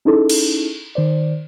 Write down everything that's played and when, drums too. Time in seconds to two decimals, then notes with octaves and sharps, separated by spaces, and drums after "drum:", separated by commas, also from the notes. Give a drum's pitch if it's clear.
0.05 C#4 D#4 E4 G#4 A4
0.29 drum: cymbal
0.95 D#3 C5 D5